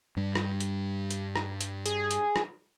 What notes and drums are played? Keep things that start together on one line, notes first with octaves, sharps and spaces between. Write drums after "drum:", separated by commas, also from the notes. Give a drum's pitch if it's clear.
G2 G3
drum: rim click
drum: hi-hat
drum: hi-hat
drum: rim click
drum: hi-hat
G#4, drum: hi-hat
drum: hi-hat
drum: rim click